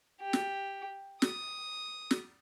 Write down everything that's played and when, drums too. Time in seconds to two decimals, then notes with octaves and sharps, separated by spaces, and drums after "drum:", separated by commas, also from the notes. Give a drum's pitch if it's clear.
0.21 G4
0.33 drum: snare
1.22 D#6, drum: snare
2.11 drum: snare